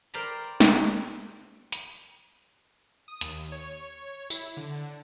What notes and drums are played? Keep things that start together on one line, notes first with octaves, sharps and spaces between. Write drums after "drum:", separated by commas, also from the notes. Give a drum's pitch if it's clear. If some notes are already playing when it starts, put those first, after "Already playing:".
A#4 C5 D5 G5 A#5 B5
drum: snare
drum: hi-hat
D#6
D#2, drum: hi-hat
C#5
E4, drum: tambourine
D3